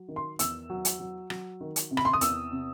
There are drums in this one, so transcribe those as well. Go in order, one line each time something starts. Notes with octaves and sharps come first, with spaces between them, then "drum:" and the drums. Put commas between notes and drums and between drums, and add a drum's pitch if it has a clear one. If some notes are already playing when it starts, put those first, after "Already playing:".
Already playing: F#3
D#3
C6
E2 E6, drum: hi-hat
F#3
drum: hi-hat
F#3
F#3, drum: rim click
D#3
drum: hi-hat
C3
B5, drum: rim click
C6
D#6
E2 E6, drum: hi-hat
C3